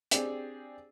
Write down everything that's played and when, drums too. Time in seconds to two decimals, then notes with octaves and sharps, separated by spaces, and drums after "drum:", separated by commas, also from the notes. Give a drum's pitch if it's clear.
0.11 C4 D4 G4 G#4, drum: hi-hat